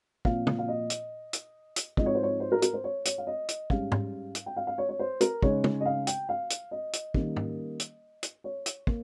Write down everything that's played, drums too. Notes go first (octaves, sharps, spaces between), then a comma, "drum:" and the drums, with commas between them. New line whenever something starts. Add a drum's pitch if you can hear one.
A#2 F3 C4 F5, drum: kick
drum: tom
F5
D#5
drum: hi-hat
drum: hi-hat
drum: hi-hat
G#2 F3 C4 D#4 D#5, drum: kick
C#5
C5
C#5
C5
A#4
A#4, drum: hi-hat
C5
C#5
C#5, drum: hi-hat
F5
D#5
drum: hi-hat
G#2 G3 C#4 F5, drum: kick
drum: tom
drum: hi-hat
G5
F5
F5
C#5
C#5
C5
A#4, drum: hi-hat
C#3 G#3 D#4 C#5, drum: kick
drum: tom
D#5
F5
G5, drum: hi-hat
F5
drum: hi-hat
D#5
drum: hi-hat
D#3 G3 A#3 C#4, drum: kick
drum: tom
drum: hi-hat
drum: hi-hat
C#5
drum: hi-hat
A#3, drum: kick